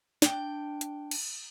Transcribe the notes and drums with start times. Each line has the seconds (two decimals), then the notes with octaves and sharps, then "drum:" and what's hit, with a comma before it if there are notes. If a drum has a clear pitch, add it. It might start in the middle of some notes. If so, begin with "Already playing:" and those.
0.22 D4 G5, drum: snare
0.81 drum: hi-hat
1.11 drum: cymbal